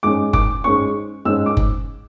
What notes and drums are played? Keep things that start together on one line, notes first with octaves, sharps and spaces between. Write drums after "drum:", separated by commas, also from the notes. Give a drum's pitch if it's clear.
G#2 G#3 C#4 D6
D6, drum: kick F#1
G#2 G#3 C#4 C#6
G#2 G#3 C#4 E6
D6
drum: kick F#1